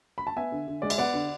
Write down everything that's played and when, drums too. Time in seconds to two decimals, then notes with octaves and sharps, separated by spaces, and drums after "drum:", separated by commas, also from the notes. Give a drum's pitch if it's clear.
0.18 B5
0.27 A5
0.37 B3 E5 G#5
0.52 D3
0.68 D3
0.82 G#3 D5
0.90 E5, drum: cymbal
0.98 B3 D5 F#5
1.14 D3